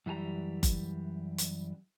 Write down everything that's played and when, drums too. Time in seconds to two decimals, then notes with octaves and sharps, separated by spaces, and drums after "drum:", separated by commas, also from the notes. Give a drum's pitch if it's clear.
0.06 F#2 E3 G3 G#5 A#5
0.63 drum: kick F#1, hi-hat
1.38 drum: hi-hat